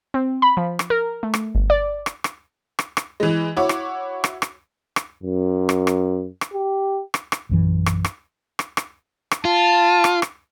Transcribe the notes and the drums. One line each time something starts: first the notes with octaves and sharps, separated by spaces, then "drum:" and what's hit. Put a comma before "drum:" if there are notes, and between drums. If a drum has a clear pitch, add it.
C4
B5
F3
drum: rim click
A#4
A3
drum: rim click
G1
D5
drum: rim click
drum: rim click
drum: rim click
drum: rim click
E3 G#3
E4 F#4 C#5 D6
drum: rim click
drum: rim click
drum: rim click
drum: rim click
F#2
drum: rim click
drum: rim click
drum: rim click
G4
drum: rim click
drum: rim click
A#1 F#2 E3
drum: rim click
drum: rim click
drum: rim click
drum: rim click
drum: rim click
F4 A5
drum: rim click
drum: rim click